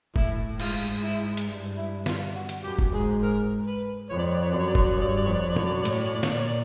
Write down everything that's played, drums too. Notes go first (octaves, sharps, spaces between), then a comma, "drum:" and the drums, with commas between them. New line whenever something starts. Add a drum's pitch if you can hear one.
A2 E4, drum: kick E1
G#2 F4, drum: cymbal
E4
drum: hi-hat
G2
E4
F4, drum: snare
F#4
drum: hi-hat
F#2 G4
drum: kick E1
G#2 G#4
A#4
B4
F2 C#5
D5
C#5
D5
C#5
F#2 D5
C#5
D5
C#5, drum: kick E1
D5
C#5
G2 D5
C#5
D5
F2 C#5
D5
C#5
D5
F#2 C#5, drum: tom
D5
C#5
D5
A2 C#5, drum: hi-hat
D5
C#5
D5
C#5, drum: snare
A#2 D5
C#5
D5